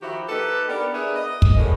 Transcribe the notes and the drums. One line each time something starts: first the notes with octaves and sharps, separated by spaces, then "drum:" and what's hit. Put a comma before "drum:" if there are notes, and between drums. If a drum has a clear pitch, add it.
D#3 F3 E4 F#4 G4
A#3 D#4 G4 A4 B4
B3 D4 G4 A#4 D5
B3 D4 E4 G#4 A#4 B4
D#5
drum: kick
A2 D#3 F3 G3 G#3 A#3